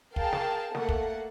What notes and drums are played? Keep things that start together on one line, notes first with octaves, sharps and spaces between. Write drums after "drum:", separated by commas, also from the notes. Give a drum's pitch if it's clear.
G#4 A#4 F5 G5 A5, drum: kick
drum: snare
A3 A#3 A4 F#5, drum: snare
drum: kick